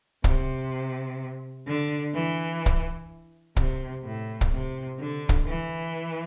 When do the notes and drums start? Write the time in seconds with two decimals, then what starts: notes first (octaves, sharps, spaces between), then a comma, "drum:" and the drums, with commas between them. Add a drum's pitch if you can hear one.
0.24 C3, drum: kick
1.66 D3
2.13 E3
2.66 drum: kick
3.56 C3, drum: kick
4.04 A2
4.41 drum: kick
4.51 C3
4.99 D3
5.29 drum: kick
5.46 E3